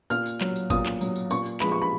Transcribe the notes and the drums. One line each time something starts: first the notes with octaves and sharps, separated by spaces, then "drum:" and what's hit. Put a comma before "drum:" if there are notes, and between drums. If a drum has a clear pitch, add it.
A#2 F6, drum: tambourine
drum: tambourine
F#3, drum: clap
drum: tambourine
A#2 D#6, drum: kick, tambourine
drum: clap
F#3, drum: tambourine
drum: tambourine
A#2 C#6, drum: tambourine
drum: tambourine
F3 G#3 B5, drum: clap
C#6
B5